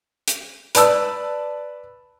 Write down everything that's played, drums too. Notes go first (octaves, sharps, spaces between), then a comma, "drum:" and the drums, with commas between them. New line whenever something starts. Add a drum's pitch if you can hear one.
drum: hi-hat
B4 D5 A5 E6, drum: hi-hat